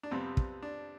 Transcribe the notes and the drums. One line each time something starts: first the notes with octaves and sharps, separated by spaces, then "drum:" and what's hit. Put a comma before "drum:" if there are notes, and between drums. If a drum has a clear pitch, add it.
D4
F2 C3 G3 B3 C4
drum: kick
D4